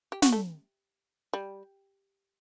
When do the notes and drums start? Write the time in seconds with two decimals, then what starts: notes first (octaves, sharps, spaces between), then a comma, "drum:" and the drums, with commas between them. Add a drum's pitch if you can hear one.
0.12 G4
0.22 F#4, drum: snare
0.32 A3
1.33 G3